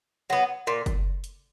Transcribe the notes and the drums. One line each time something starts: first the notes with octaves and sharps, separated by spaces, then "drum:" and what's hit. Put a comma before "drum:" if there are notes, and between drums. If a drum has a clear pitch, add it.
F#3 B3
A#2
drum: kick F#1, hi-hat
drum: hi-hat